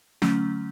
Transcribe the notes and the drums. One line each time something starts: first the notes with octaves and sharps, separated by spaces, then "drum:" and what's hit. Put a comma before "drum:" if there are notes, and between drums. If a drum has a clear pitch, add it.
D3 F#3 A3 C#4, drum: snare